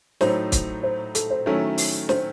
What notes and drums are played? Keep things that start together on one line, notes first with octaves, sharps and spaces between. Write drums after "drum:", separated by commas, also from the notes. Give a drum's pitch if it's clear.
A2 F#3 A3 D#4 C5, drum: snare
drum: kick, hi-hat
C5
A4, drum: hi-hat
C5
D#3 F#3 A3 C#4 E4 A4
drum: open hi-hat
C5, drum: snare